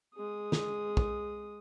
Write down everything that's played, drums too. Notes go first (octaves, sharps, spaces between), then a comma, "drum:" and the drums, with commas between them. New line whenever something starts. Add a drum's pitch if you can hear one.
G#3 D#6
drum: snare
drum: kick